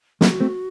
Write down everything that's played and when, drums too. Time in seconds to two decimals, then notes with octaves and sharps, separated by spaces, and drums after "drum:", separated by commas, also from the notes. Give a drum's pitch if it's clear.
0.21 F#3 A#3 F#4, drum: snare
0.40 A3 C4